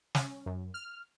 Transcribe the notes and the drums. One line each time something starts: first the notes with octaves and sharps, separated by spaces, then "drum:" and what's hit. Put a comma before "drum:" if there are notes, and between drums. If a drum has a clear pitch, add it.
C#4, drum: snare
F#2
F6